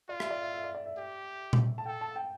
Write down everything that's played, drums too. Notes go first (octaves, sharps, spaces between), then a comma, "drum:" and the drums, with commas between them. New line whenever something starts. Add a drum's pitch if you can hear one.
F4 D5
E5, drum: rim click
D5
E5
E5
D5
D5
E5
G4
drum: tom A#2
A5
A4 G5
A5
G5